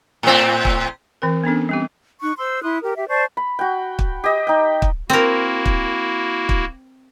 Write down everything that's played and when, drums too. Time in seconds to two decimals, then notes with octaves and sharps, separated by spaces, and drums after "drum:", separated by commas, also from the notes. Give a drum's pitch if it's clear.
0.23 A2 C4
0.65 drum: kick
1.22 E3 C4 A#4
1.44 B3 C#4 D4 A4
1.69 G3 C4 G4
2.21 D#4 C#6 F#6
2.38 C5 C6 E6
2.62 E4 C6 D#6 F#6
2.82 G4 A#4
2.96 G4 E5
3.09 C5 D5 A5 C#6
3.37 B5
3.59 F#4 G5
3.99 drum: kick
4.24 G4 D#5
4.47 D#4 G5
4.82 drum: kick
5.10 A#3 C4 E4 F#4 A#4
5.66 drum: kick
6.49 drum: kick